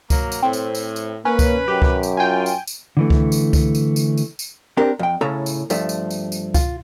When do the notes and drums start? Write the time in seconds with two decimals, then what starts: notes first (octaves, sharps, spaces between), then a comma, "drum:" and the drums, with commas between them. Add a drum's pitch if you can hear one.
0.10 F#3 A#3, drum: kick C#2, tambourine
0.32 drum: tambourine
0.43 A2 C4
0.53 drum: tambourine
0.75 drum: tambourine
0.96 drum: tambourine
1.25 A#3 C#4 B4
1.39 drum: kick C#2, tambourine
1.68 F#2 G4
1.82 drum: kick C#2
2.03 drum: tambourine
2.17 F4 G5 G#5
2.46 drum: tambourine
2.68 drum: tambourine
2.97 D3 E3 A3
3.10 drum: kick C#2
3.32 drum: tambourine
3.53 drum: kick C#2, tambourine
3.75 drum: tambourine
3.96 drum: tambourine
4.18 drum: tambourine
4.39 drum: tambourine
4.77 C4 D4 G4 A#4
4.99 F2 G5
5.21 A2 C#3 C#4 A4 A#5
5.46 drum: tambourine
5.70 G2 F3 A3, drum: tambourine
5.89 drum: tambourine
6.10 drum: tambourine
6.32 drum: tambourine
6.54 F4, drum: kick C#2, tambourine